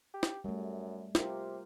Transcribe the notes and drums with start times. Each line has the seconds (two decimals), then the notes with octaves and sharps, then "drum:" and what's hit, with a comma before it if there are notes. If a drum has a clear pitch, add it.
0.14 G4
0.23 drum: snare
0.44 F#2 G3 A3
1.15 C3 F4 G4 A#4, drum: snare